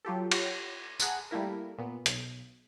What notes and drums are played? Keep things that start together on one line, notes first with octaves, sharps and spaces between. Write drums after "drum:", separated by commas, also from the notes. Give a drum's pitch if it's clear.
F#3 F4 G4 A4
F4 G4 C#5 F#5, drum: cymbal
G#4 F#5 A5 A#5, drum: tambourine
G3 A3 A#3 E4 A#4
A#2 B3
B1, drum: hi-hat